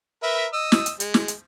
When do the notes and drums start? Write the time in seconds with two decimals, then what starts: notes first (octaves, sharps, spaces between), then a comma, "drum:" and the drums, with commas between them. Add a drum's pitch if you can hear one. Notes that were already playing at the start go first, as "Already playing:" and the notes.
0.23 A#4 B4 E5
0.53 D#5 E6
0.72 drum: snare
0.86 drum: hi-hat
1.00 G#3, drum: hi-hat
1.14 drum: snare
1.28 drum: hi-hat